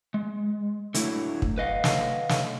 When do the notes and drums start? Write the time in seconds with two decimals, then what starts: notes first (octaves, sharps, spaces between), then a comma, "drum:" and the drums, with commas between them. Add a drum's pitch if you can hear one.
0.14 G#3
0.94 D3 F#3 A3 E4, drum: hi-hat
1.42 drum: kick
1.58 B4 D#5 F5 F#5
1.84 drum: snare
2.29 drum: snare